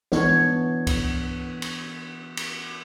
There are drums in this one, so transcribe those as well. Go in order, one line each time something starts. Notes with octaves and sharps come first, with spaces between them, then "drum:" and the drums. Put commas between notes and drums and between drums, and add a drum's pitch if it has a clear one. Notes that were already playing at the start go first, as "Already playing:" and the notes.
E3 B3 D4 C#5, drum: snare
drum: kick C#2, cymbal
drum: cymbal
drum: cymbal